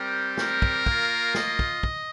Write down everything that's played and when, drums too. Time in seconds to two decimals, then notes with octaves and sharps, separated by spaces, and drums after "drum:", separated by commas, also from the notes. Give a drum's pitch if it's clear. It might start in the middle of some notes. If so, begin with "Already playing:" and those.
Already playing: G3 C4 G4 A#4
0.37 A#4, drum: snare
0.62 drum: kick
0.86 A#3 F4, drum: kick
1.35 D#5, drum: snare
1.59 drum: kick
1.83 drum: kick